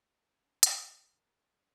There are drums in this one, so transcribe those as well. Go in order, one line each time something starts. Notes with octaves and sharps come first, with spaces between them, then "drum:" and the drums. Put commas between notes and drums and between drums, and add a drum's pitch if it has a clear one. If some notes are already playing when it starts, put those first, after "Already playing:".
F#2
drum: hi-hat
A#4
G3